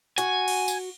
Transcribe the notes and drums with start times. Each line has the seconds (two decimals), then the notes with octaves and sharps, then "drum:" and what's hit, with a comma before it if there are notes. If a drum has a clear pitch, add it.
0.18 F#4 G#5, drum: hi-hat
0.48 drum: cymbal
0.68 drum: tambourine